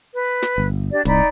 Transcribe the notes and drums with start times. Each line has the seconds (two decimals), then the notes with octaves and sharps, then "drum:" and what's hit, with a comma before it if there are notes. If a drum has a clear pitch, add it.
0.14 B4
0.42 drum: snare
0.58 G1
0.92 D4 G4 D5
1.05 C2 D#4 D5 B5, drum: kick, hi-hat